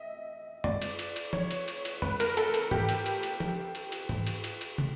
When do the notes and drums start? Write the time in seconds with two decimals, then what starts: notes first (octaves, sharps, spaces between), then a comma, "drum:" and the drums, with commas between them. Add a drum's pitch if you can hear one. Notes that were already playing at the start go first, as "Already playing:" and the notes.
Already playing: D#5 E5
0.64 D5, drum: tom
0.82 drum: cymbal
0.99 drum: cymbal
1.16 drum: cymbal
1.33 C#5, drum: tom F3
1.51 drum: cymbal
1.68 drum: cymbal
1.85 drum: cymbal
2.02 B4, drum: tom
2.20 A#4, drum: cymbal
2.37 A4, drum: cymbal
2.54 A4, drum: cymbal
2.71 G4, drum: tom G#2
2.89 drum: cymbal
3.06 drum: cymbal
3.23 drum: cymbal
3.40 drum: tom F3
3.75 drum: cymbal
3.92 drum: cymbal
4.09 drum: tom G#2
4.27 drum: cymbal
4.44 drum: cymbal
4.61 drum: cymbal
4.78 drum: tom